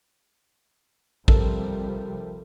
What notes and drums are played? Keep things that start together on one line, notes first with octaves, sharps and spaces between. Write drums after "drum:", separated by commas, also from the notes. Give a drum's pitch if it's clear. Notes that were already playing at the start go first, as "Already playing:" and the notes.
C3 F3 G3 A4 A#4 A5, drum: kick A#1